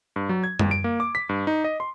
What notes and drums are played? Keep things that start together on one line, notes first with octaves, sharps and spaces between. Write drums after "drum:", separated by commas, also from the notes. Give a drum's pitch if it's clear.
G2
F#3
G#6
D#2, drum: tom
D7
A#3
D6
B6
G2
D#4
D#5
C6